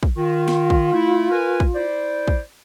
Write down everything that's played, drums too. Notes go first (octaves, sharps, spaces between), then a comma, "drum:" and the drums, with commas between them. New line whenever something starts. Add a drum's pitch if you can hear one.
drum: kick
D#3 F4
drum: snare
drum: kick
A3 E4
A#4 B4 G#5
drum: kick
E4 C5 D5
drum: kick